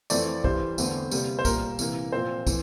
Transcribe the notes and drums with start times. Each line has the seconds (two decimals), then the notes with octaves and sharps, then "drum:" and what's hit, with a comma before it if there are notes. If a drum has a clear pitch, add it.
0.10 F2 E3 A3 C4 D5, drum: tambourine
0.44 G2 E3 G3 C5, drum: kick
0.78 E2 D3 A3 C4, drum: tambourine
1.11 C3 G3 A#3, drum: tambourine
1.39 C5
1.45 A#2 G3 A#3 A#4, drum: kick, tambourine
1.79 C3 E3 A#3, drum: tambourine
2.12 A#2 F3 C4 C5
2.47 A2 E3, drum: kick, tambourine